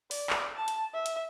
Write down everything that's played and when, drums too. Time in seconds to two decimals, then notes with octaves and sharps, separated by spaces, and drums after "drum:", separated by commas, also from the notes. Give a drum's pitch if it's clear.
0.11 D5, drum: open hi-hat
0.30 drum: clap
0.56 A5
0.68 drum: hi-hat
0.94 E5
1.06 drum: hi-hat